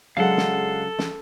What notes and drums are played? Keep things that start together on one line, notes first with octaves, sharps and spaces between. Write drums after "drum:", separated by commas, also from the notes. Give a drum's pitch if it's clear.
C#3 F#3 G#3 D4 A4 F5 F#5
drum: snare
drum: snare